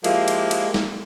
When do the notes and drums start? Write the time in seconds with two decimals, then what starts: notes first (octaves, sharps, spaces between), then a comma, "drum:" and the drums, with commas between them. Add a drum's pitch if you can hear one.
0.04 F3 G#3 A#3 E4 G4, drum: cymbal
0.28 drum: cymbal
0.51 drum: cymbal
0.74 drum: snare